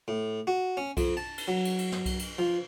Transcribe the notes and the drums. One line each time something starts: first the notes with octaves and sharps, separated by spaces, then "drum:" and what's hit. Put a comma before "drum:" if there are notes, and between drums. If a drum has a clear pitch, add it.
A2
F#4
C#4
F2, drum: kick B1, cymbal
A5
drum: cymbal
F#3
drum: cymbal
drum: cymbal
drum: snare
drum: kick B1, cymbal
drum: cymbal
F3